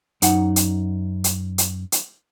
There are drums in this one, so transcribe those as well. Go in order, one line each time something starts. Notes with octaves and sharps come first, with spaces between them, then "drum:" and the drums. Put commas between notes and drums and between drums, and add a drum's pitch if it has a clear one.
F#2 D#4 F#5, drum: hi-hat
drum: hi-hat
drum: hi-hat
drum: hi-hat
drum: hi-hat